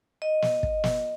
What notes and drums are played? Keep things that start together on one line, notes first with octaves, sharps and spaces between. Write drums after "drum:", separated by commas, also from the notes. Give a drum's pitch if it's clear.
D#5
drum: snare
drum: kick
drum: snare